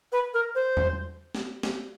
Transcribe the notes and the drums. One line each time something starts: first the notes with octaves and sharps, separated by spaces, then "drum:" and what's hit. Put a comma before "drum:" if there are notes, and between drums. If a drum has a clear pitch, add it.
B4
A#4
C5
drum: tom E2
drum: snare
drum: snare